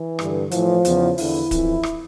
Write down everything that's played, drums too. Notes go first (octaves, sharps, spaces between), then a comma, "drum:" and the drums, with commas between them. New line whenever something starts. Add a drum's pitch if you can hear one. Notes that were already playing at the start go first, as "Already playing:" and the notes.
Already playing: E3
G2 D3, drum: rim click
A2 E3 F3, drum: hi-hat
E2 C#3 E3, drum: hi-hat
E2 D3 E4, drum: open hi-hat
F2 E3, drum: kick D1, hi-hat
drum: rim click